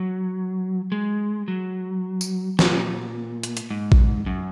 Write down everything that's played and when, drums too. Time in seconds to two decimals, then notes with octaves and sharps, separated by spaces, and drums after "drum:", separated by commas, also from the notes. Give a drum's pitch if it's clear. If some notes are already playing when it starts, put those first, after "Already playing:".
Already playing: F#3
0.92 G#3
1.48 F#3
2.21 drum: tambourine
2.59 A#2, drum: snare
3.43 drum: hi-hat
3.57 drum: hi-hat
3.70 G#2
3.92 drum: kick A1
4.26 F#2